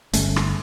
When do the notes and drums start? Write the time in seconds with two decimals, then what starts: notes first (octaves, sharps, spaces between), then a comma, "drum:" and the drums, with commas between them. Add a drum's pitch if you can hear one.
0.13 G1 A3 C#4, drum: hi-hat
0.36 drum: rim click